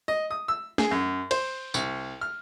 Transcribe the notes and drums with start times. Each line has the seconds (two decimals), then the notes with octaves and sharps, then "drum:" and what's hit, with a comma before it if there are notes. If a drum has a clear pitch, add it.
0.08 D#5
0.31 D#6
0.48 E6
0.78 G#4, drum: snare
0.91 F#2
1.31 C5, drum: cymbal
1.74 C2, drum: tambourine
2.21 F6